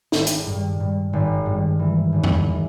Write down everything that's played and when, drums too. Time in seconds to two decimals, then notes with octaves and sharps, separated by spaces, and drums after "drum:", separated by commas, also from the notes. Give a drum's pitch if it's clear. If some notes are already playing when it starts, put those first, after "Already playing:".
0.12 G#1, drum: snare
0.27 drum: hi-hat
0.46 G2
0.80 G2
1.13 G#1
1.46 G2
1.79 E3
2.13 G#1
2.24 drum: tom E2
2.47 E3